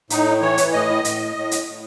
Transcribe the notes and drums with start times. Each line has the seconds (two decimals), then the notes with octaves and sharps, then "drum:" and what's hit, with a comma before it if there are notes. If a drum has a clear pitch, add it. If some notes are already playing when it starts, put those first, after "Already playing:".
0.10 A2 D#4, drum: hi-hat
0.42 E3 C#5
0.58 drum: hi-hat
0.73 A2 D#5
1.05 A2, drum: hi-hat
1.36 A2
1.51 drum: hi-hat
1.67 A2